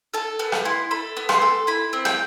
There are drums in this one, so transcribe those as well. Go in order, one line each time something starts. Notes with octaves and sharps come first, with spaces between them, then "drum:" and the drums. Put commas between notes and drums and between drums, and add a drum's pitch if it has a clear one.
A4 A5
B3
drum: rim click
E4 C6
A4 B5
B3
C6, drum: rim click
A4
E4 B5
C4
G5, drum: rim click